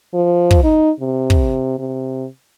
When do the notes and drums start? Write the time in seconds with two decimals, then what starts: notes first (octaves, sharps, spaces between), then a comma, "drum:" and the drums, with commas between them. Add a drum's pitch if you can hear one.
0.14 F3
0.51 drum: kick
0.64 D#4
1.01 C3
1.30 drum: kick
1.79 C3